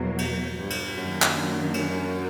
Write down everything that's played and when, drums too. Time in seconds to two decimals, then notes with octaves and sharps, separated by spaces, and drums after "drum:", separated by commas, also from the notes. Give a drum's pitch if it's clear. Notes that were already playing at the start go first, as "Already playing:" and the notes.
Already playing: E2 B2 F#3 A#3
0.18 drum: cymbal
0.58 G2
0.70 drum: cymbal
0.96 F#2 D#3 F#3 A#3 D4
1.22 drum: clap
1.74 drum: cymbal